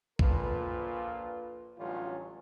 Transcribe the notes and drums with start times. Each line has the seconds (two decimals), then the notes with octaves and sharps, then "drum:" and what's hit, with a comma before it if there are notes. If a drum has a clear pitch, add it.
0.19 A#1 A#2 F4 A4 B4, drum: kick C2
1.79 A1 D3 F#3 G3 C#4 F4